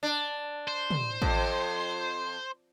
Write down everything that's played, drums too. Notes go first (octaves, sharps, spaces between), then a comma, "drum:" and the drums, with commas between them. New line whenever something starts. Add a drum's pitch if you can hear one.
D4
C5
drum: tom
F2, drum: kick